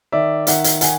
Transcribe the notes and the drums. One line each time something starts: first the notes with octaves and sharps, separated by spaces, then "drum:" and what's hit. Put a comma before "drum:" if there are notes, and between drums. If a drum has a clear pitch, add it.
D#3 D5 E5
D#3 E5 F#5, drum: hi-hat
drum: hi-hat
D#3 F#5 G#5, drum: hi-hat